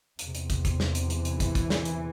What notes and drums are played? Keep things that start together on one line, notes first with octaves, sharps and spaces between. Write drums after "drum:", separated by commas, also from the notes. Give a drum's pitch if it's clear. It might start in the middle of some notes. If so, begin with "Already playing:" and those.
E2 C3, drum: hi-hat
drum: hi-hat
drum: kick, hi-hat
drum: kick, hi-hat
drum: snare
drum: hi-hat
E3, drum: hi-hat
drum: hi-hat
drum: kick, hi-hat
drum: kick, hi-hat
drum: snare
drum: hi-hat